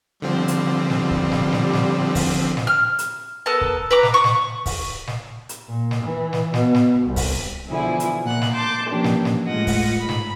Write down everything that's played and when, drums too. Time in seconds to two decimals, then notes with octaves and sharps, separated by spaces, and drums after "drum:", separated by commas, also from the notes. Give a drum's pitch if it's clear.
0.22 D3 F3 G3 C4
0.48 drum: hi-hat
0.90 drum: snare
1.11 drum: kick
1.32 drum: snare
1.52 drum: snare
1.73 drum: snare
2.15 drum: kick, open hi-hat
2.57 drum: snare
2.67 F6
2.99 drum: hi-hat
3.46 B3 A4 A#4 A5
3.61 drum: kick
3.91 B4 A#5 D6
4.03 drum: snare
4.14 C#6 D#6
4.24 drum: snare
4.66 drum: kick, open hi-hat
5.07 drum: snare
5.49 drum: hi-hat
5.69 A#2
5.91 drum: snare
6.03 E3
6.33 drum: snare
6.54 B2, drum: snare
6.74 drum: snare
7.07 C2
7.16 drum: kick, open hi-hat
7.67 B2 D3 E3 F3 E4 G#4
8.00 drum: hi-hat
8.24 A#2 F#5 F#6
8.42 drum: snare
8.55 A5 C6 D6 G6
8.88 E3 F3 A#3 C#4 D4 G4
9.04 drum: snare
9.25 drum: snare
9.47 A2 G#3 F4 D#5 F#5
9.67 drum: kick, open hi-hat
9.98 G#2 B5
10.09 drum: snare